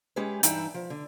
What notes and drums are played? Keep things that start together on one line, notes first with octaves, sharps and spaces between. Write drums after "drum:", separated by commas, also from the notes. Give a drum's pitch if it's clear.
G#3 C#4 G4 G#4 B4
G2 E3 D#4 E4 G5 A5, drum: hi-hat
F3
D3